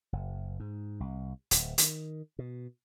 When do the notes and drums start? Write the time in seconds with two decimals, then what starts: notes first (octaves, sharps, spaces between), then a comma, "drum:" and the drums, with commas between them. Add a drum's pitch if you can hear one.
0.13 F#1
0.60 G#2
1.00 C2
1.51 D1, drum: hi-hat
1.78 D#3, drum: hi-hat
2.39 B2